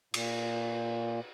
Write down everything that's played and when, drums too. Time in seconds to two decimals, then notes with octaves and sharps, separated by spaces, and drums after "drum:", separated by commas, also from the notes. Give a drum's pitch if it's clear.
0.14 A#2, drum: cymbal